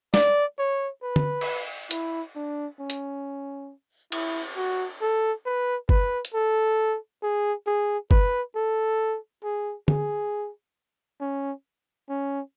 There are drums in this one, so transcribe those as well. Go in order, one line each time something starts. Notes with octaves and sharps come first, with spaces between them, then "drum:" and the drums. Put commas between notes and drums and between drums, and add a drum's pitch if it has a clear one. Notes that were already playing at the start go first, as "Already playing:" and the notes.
D5, drum: snare
C#5
B4
drum: tom
drum: cymbal
E4, drum: hi-hat
D4
C#4
drum: hi-hat
E4, drum: cymbal
F#4
A4
B4
B4, drum: kick
drum: hi-hat
A4
G#4
G#4
B4, drum: kick
A4
G#4
G#4, drum: tom
C#4
C#4